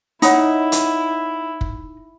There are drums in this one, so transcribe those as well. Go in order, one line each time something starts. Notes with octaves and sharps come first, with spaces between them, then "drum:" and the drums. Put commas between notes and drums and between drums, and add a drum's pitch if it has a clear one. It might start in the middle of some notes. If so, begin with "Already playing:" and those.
D#4 E4 C#5 F#5 B5, drum: hi-hat
drum: hi-hat
drum: kick